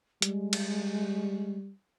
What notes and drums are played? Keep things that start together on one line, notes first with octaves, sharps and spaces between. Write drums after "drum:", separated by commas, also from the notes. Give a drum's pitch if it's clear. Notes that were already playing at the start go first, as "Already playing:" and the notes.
G3 G#3, drum: hi-hat
drum: cymbal